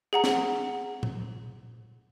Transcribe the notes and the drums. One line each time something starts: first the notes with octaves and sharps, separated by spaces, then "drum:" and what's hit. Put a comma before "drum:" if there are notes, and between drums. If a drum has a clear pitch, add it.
G#4 F#5 A#5
drum: snare
drum: tom A#2